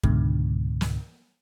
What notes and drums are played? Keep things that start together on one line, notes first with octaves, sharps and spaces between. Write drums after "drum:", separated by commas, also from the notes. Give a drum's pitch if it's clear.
C#2 G#2 B2 D3, drum: kick
drum: snare